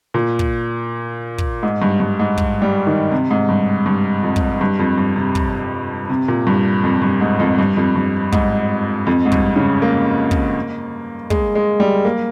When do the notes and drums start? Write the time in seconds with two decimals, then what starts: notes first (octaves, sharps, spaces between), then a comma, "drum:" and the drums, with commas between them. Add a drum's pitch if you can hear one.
0.14 A#2
0.39 drum: kick
1.38 drum: kick
1.63 G#2
1.82 G2
2.00 G2
2.20 G#2
2.38 drum: kick
2.62 G3
2.87 D#3
3.11 C3
3.31 G#2
3.49 G2
3.86 G2
4.23 F2
4.36 drum: kick
4.61 G2
4.79 F2
4.98 G2
5.16 C3
5.35 drum: kick
6.09 C3
6.28 A#2
6.47 G2
6.84 F2
7.02 G2
7.21 G#2
7.40 F2
7.59 G2
7.77 F2
7.96 G2
8.32 G#2, drum: kick
9.07 F2
9.26 G#2
9.32 G2, drum: kick
9.56 C#3
9.82 A#3
10.31 drum: kick
11.30 G#3, drum: kick
11.55 G#3
11.80 G3
12.05 A#3